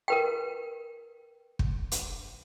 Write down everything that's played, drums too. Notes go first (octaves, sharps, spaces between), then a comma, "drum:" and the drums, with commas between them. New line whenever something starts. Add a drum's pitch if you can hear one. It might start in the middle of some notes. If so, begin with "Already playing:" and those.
A#4 B4 G5
drum: kick
drum: hi-hat